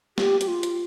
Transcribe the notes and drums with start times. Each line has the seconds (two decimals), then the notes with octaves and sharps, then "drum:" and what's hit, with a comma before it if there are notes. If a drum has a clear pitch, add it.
0.18 G4, drum: snare
0.41 G4, drum: hi-hat
0.48 F4
0.63 drum: hi-hat